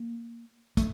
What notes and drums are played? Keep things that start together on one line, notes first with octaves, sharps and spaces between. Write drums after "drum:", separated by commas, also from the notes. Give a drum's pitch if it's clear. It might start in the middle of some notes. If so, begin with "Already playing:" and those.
Already playing: A#3
A3, drum: kick, hi-hat